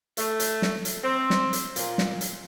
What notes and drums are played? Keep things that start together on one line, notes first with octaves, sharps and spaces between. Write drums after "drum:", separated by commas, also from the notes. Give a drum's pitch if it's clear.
A3, drum: hi-hat
drum: hi-hat
drum: snare
drum: hi-hat
C4
drum: snare
drum: hi-hat
A#2, drum: hi-hat
drum: snare
drum: hi-hat